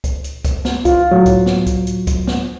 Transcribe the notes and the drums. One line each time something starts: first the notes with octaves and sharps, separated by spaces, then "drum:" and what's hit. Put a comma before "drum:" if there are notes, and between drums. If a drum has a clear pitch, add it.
drum: kick C#2, hi-hat
drum: hi-hat
drum: kick C#2, hi-hat
drum: snare
F4, drum: kick C#2, hi-hat
A2 F#3
drum: kick C#2, hi-hat
drum: snare
drum: kick C#2, hi-hat
drum: hi-hat
drum: kick C#2, hi-hat
drum: snare